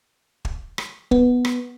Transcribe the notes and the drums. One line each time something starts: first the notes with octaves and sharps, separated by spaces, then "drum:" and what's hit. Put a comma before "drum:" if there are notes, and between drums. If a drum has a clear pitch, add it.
drum: kick
drum: rim click
B3, drum: kick
drum: rim click